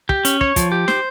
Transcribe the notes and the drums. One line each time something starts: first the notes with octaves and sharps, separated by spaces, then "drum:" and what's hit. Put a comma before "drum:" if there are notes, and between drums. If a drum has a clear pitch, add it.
G4, drum: kick
C#4, drum: hi-hat
C#5, drum: kick
F3, drum: kick, hi-hat
G4
C5, drum: snare